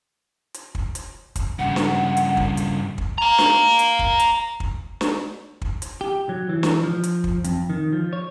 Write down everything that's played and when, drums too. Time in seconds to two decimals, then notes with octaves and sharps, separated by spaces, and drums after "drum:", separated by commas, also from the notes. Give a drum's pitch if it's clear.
0.54 drum: hi-hat
0.75 drum: kick
0.95 drum: hi-hat
1.36 drum: kick, hi-hat
1.59 G2 C#3 F#5
1.76 drum: snare
2.17 drum: hi-hat
2.37 drum: kick
2.57 drum: hi-hat
2.98 drum: kick
3.18 F5 A#5
3.38 drum: snare
3.79 drum: hi-hat
3.99 drum: kick
4.20 drum: hi-hat
4.60 drum: kick
5.01 drum: snare
5.62 drum: kick
5.82 drum: hi-hat
6.01 G4
6.29 F#3
6.49 E3
6.63 drum: snare
6.83 F3
7.04 drum: hi-hat
7.24 drum: kick
7.44 F2, drum: hi-hat
7.70 D#3
7.93 F3
8.13 C#5